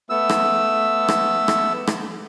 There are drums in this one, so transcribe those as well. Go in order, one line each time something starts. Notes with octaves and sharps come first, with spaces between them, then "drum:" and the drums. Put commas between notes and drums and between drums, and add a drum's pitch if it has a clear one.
A3 B3 E6
drum: rim click
drum: rim click
drum: rim click
drum: rim click